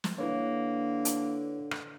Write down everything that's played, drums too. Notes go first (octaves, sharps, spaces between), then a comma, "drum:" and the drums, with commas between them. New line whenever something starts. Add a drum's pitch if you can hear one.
drum: snare
D3 A#3 E4 B4 C#5
drum: hi-hat
drum: rim click